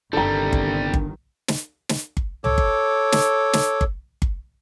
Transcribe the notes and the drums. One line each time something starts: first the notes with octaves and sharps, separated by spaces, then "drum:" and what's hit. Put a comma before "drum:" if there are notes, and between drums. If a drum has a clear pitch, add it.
G1 C2 D#3 G3 D4 A4 G5 A#5
drum: kick G1
drum: kick G1
drum: snare
drum: snare
drum: kick G1
A4 C#5 D6, drum: tom C2
drum: kick G1
drum: snare
drum: snare
drum: kick G1
drum: kick G1